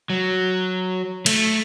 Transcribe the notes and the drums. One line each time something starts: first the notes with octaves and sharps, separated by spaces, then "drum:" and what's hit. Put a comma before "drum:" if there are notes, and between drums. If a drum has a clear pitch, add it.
F#3
A3, drum: cymbal